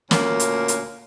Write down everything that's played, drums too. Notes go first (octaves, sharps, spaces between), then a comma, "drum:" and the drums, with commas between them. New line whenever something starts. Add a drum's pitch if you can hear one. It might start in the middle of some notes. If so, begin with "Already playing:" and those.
D2 A#2 A#3 C#4, drum: snare
drum: hi-hat
drum: hi-hat